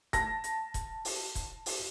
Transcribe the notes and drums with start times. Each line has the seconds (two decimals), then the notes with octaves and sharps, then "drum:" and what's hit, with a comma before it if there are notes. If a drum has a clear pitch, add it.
0.13 A5 A#6, drum: kick E1, hi-hat
0.44 drum: hi-hat
0.74 drum: kick E1, hi-hat
1.05 drum: open hi-hat
1.35 drum: kick E1, hi-hat
1.66 drum: open hi-hat